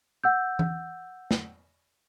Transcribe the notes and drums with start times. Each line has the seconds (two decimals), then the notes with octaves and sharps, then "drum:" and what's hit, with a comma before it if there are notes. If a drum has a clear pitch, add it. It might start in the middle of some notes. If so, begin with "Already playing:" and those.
0.24 F#5 E6 G6
0.59 drum: tom E3
1.31 drum: snare